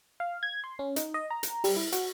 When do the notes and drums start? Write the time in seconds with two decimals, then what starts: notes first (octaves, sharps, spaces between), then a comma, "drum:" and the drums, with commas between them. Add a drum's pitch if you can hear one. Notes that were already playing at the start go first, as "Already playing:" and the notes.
0.20 F5
0.43 G#6
0.64 C6
0.79 C#4
0.96 D#4, drum: hi-hat
1.14 D#5
1.30 A#5
1.43 drum: hi-hat
1.64 G3, drum: open hi-hat
1.76 E4
1.92 F#4, drum: hi-hat